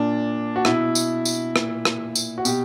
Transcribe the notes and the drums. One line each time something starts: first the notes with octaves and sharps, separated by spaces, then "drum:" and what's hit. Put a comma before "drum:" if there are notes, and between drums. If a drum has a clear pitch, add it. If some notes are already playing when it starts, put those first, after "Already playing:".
Already playing: A#2 D4
F#4
B2 E4, drum: rim click
drum: tambourine
drum: tambourine
A#2, drum: rim click
drum: rim click
drum: tambourine
F#4
B2 G4, drum: tambourine